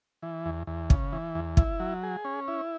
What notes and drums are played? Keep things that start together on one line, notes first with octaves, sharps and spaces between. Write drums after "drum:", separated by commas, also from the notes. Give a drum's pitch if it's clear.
E3
E2
E2
C#3, drum: kick
E3
E2
E4, drum: kick
F#3
G#4
C#4
E4